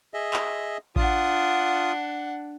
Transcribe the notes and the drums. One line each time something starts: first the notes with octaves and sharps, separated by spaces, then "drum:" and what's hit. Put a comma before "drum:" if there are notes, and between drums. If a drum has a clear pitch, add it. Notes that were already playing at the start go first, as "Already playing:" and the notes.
G#4 D#5 E5
drum: clap
D4 F4 F#5 D#6, drum: kick A1